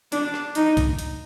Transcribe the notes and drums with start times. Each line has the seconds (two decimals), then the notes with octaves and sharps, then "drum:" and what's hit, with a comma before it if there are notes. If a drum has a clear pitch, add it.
0.12 D4, drum: hi-hat
0.34 drum: rim click
0.55 D#4, drum: hi-hat
0.77 drum: kick, hi-hat
0.99 drum: hi-hat